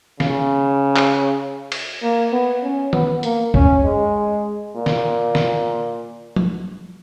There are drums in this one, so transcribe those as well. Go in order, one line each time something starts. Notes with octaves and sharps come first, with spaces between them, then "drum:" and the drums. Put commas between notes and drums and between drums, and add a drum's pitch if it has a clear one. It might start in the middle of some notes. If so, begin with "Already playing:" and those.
C#3, drum: snare
drum: clap
drum: cymbal
A#3
B3
C#4
B3, drum: tom
A#3, drum: hi-hat
C#4, drum: kick
G#3
A#2
drum: snare
drum: snare
drum: tom F3